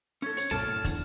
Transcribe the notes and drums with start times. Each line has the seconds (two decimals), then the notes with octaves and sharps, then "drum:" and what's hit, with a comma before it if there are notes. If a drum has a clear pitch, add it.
0.22 C#4 A4 G#6
0.37 C#5, drum: hi-hat
0.51 C2 F#2 A#2 A4 D5 A5 F6
0.68 A2
0.84 E2 D3, drum: kick, hi-hat